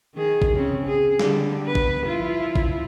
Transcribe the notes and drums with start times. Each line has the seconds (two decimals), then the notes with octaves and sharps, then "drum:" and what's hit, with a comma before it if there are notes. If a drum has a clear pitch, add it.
0.15 D#3 G#4
0.42 drum: kick
0.55 C#3 C4 C#4
0.86 G#4
1.19 D3 G3, drum: snare
1.66 B3 B4
1.75 drum: kick
2.06 F3 E4 F4
2.56 drum: kick